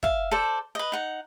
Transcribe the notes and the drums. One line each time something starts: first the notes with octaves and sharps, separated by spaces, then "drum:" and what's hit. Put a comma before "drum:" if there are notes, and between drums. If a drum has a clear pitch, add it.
E5 F5, drum: kick
A4 C5 D5
B4 D#5
D#4 F#5